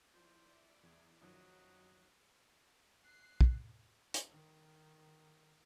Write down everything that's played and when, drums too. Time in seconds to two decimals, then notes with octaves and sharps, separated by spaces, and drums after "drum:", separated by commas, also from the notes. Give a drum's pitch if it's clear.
0.14 F3 E4 C5 D5
0.83 E2 G#4
1.21 F#2 D#3 F3 F#3 D#5
3.05 F#6 C7
3.41 drum: kick
4.14 drum: hi-hat
4.29 D#3